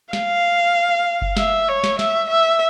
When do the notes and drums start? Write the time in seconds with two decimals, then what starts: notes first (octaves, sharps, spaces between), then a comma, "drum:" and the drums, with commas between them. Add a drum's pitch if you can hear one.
0.13 F5, drum: snare
1.22 drum: kick F#1
1.37 E5, drum: snare
1.68 C#5
1.84 drum: snare
1.99 E5, drum: snare
2.30 E5